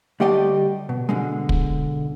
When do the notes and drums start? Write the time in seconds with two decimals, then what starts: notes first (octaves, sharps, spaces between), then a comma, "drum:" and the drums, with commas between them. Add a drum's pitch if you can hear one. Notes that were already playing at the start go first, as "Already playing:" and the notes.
0.20 D2 G3 A3 G4 D5 D#5
0.89 B2
1.09 B2 D3 G#3
1.49 drum: kick